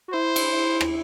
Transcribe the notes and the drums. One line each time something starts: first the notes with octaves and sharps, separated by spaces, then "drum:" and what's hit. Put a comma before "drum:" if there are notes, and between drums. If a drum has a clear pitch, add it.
F#4
E4 C5
drum: cymbal
drum: rim click